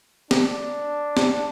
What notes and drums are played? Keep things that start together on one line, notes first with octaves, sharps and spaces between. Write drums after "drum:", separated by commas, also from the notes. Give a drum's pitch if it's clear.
D4, drum: snare
drum: snare